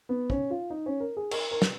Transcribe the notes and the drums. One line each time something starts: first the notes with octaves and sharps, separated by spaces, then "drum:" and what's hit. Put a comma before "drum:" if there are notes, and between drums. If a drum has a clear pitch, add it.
B3
C#4, drum: kick
F4
D#4
C#4
A#4
G#4
A#4, drum: cymbal
A#4
B4, drum: snare